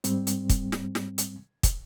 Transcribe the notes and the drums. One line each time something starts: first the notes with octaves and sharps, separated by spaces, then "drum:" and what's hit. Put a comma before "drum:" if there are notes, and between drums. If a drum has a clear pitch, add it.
G#2 G3 C4, drum: hi-hat
drum: hi-hat
drum: kick, hi-hat
drum: snare
drum: snare
drum: hi-hat
drum: kick, hi-hat